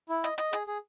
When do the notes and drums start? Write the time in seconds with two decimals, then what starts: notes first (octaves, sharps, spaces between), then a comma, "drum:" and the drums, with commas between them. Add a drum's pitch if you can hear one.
0.09 E4
0.24 D#5, drum: hi-hat
0.38 D#5, drum: hi-hat
0.53 G#4, drum: hi-hat
0.67 G#4